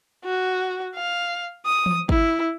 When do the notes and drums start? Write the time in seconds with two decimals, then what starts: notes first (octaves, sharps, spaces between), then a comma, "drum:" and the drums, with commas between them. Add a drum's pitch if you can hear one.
0.25 F#4
0.96 F5
1.66 D#6
1.86 drum: tom E3
2.09 E4, drum: kick